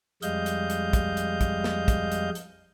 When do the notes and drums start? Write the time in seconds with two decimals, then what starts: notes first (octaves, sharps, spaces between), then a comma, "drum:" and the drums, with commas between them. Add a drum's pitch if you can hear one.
0.22 F2 G3 G#3 D#5 F5 G6, drum: hi-hat
0.46 drum: hi-hat
0.70 drum: hi-hat
0.93 drum: kick, hi-hat
1.17 drum: hi-hat
1.41 drum: kick, hi-hat
1.64 drum: snare
1.88 drum: kick, hi-hat
2.12 drum: hi-hat
2.35 drum: hi-hat